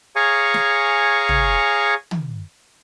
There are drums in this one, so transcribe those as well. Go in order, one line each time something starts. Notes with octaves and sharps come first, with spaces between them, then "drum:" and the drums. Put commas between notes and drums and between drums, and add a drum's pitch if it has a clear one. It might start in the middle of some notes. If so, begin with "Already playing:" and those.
G#4 C#5 F5 G#5 A#5 C#6
drum: snare
drum: tom
drum: tom